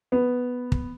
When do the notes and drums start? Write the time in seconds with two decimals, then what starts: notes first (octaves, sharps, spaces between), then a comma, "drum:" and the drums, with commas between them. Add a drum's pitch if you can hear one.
0.12 B3
0.72 drum: kick